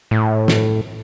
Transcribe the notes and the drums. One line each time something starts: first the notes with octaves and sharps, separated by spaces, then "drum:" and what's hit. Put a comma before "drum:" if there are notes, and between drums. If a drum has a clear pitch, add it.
A2
drum: snare